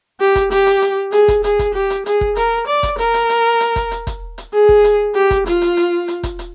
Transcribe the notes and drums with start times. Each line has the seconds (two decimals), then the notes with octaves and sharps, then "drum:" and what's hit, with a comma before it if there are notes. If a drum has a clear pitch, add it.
0.20 G4
0.35 drum: kick, hi-hat
0.52 G4, drum: hi-hat
0.66 drum: hi-hat
0.82 drum: hi-hat
1.12 G#4, drum: hi-hat
1.28 drum: kick, hi-hat
1.44 G#4, drum: hi-hat
1.59 drum: kick, hi-hat
1.74 G4
1.90 drum: hi-hat
2.06 G#4, drum: hi-hat
2.21 drum: kick
2.36 A#4, drum: hi-hat
2.67 D5
2.83 drum: kick, hi-hat
2.98 A#4, drum: hi-hat
3.14 drum: hi-hat
3.29 drum: hi-hat
3.60 drum: hi-hat
3.76 drum: kick, hi-hat
3.91 drum: hi-hat
4.07 drum: kick, hi-hat
4.38 drum: hi-hat
4.53 G#4
4.69 drum: kick
4.84 drum: hi-hat
5.15 G4
5.31 drum: kick, hi-hat
5.47 F4, drum: hi-hat
5.62 drum: hi-hat
5.77 drum: hi-hat
6.08 drum: hi-hat
6.23 drum: kick, hi-hat
6.39 drum: hi-hat